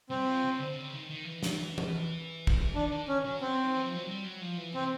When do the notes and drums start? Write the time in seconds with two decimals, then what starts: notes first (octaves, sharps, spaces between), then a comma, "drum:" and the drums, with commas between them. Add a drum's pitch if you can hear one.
0.10 G3 C4
0.25 F3
0.43 C#3
0.59 D3
0.76 C#3
0.93 D#3
1.10 D#3
1.25 E3
1.43 drum: snare
1.78 drum: tom E3
2.47 drum: kick
2.75 D#3 D4
2.92 D#3
3.08 C#4
3.25 F#3
3.41 C4
3.63 D#3
3.74 E3
3.86 F3
3.96 F#3
4.08 G3
4.24 F#3
4.41 F3
4.57 E3
4.74 C3 C4